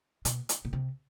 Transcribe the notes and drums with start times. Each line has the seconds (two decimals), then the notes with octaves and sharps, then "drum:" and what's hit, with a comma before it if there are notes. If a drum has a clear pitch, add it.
0.25 B2, drum: hi-hat
0.49 drum: hi-hat
0.65 B2
0.73 C3